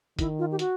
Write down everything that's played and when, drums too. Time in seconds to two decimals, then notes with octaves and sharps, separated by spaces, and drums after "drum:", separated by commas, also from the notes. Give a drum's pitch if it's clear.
0.19 D#3 E4, drum: kick, hi-hat
0.39 F4
0.51 G4
0.59 F#4, drum: hi-hat